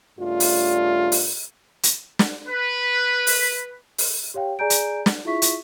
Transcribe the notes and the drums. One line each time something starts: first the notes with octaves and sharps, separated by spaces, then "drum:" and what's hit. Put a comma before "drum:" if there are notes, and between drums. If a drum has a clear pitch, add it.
G2 C#3 A3 F4 D5
drum: open hi-hat
drum: open hi-hat
drum: hi-hat
drum: snare
B4
drum: open hi-hat
drum: open hi-hat
G4 C#5 F5 G5
G#4 D5 G#5 A#5 G6 D7
drum: hi-hat
drum: snare
E4 F4 G#4 E5 C#6 B6
drum: hi-hat